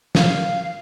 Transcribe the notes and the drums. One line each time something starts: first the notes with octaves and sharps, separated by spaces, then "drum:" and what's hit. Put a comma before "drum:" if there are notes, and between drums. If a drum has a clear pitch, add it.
F5, drum: snare